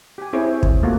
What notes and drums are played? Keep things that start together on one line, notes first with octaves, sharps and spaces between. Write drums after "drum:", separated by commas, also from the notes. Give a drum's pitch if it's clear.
G4 G#5
C4 E4 G#4 C5 C#5
drum: kick
A3 A#3 F4 F#4